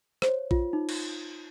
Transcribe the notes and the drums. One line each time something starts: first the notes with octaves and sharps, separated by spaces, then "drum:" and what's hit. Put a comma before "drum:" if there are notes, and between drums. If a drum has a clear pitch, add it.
C5, drum: rim click
C#5
F4, drum: kick A#1
D#4
drum: cymbal